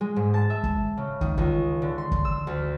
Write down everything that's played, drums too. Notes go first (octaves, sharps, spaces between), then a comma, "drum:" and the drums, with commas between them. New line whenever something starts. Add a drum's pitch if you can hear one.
G#3
G#2
A5
E5
drum: kick
C#3
D#3, drum: kick
C#2, drum: kick
D3
C6
drum: kick
E6
D2